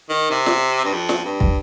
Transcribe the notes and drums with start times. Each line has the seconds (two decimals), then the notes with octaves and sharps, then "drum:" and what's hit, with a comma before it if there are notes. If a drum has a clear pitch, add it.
0.10 D#3
0.31 C3
0.46 drum: snare
0.85 G2
0.93 F2
1.09 drum: snare
1.24 G2
1.40 drum: kick